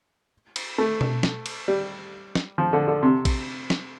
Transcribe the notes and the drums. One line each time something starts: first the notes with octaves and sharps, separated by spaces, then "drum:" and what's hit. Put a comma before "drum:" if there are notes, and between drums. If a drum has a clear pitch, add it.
drum: cymbal
A3
drum: tom B2
drum: snare
drum: cymbal
G3
drum: snare
F3
D3
D3
C3
drum: kick, cymbal
drum: snare